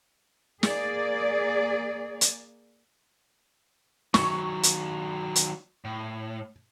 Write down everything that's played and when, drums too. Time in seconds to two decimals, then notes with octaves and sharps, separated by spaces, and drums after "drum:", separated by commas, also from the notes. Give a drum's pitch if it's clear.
0.63 A#3 G#4 D5, drum: snare
2.21 drum: hi-hat
4.14 D#3 F#3 C#6, drum: snare
4.63 drum: hi-hat
5.36 drum: hi-hat
5.85 A2